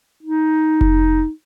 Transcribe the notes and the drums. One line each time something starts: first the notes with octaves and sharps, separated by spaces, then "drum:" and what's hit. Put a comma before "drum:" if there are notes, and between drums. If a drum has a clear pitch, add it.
D#4
drum: kick F1